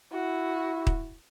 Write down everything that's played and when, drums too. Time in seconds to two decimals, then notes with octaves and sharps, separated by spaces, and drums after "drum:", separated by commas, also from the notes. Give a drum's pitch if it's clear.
0.13 E4 F#4
0.87 drum: kick D#1